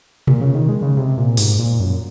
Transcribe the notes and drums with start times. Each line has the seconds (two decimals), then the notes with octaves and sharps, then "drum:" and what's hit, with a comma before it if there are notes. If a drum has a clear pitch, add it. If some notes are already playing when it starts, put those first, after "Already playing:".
0.27 A#2, drum: tom B2
0.41 C#3
0.55 D#3
0.69 G#3
0.82 C#3
0.97 C3
1.17 A#2
1.37 G#2, drum: open hi-hat
1.59 A#2
1.80 F#2